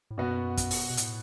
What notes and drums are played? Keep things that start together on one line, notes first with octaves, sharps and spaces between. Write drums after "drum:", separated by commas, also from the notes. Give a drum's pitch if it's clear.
A2
F#2 B2 B3 F#4
drum: kick, hi-hat
drum: open hi-hat
B2
A2, drum: hi-hat